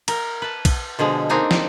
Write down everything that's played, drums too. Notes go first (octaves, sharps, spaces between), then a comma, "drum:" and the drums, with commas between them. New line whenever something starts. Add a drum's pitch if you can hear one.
A#4, drum: cymbal
B4 A5
drum: kick, cymbal
B2 D3 F3 G#3
A#3 C4 D4 D#4 G#5 A#5
drum: snare